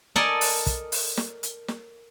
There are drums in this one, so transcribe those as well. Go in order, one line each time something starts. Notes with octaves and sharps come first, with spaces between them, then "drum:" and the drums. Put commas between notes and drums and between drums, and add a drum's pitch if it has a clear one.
A4 A#4 D5 D#5 G#5 A5, drum: snare
drum: open hi-hat
drum: kick, hi-hat
drum: open hi-hat
drum: snare
drum: hi-hat
drum: snare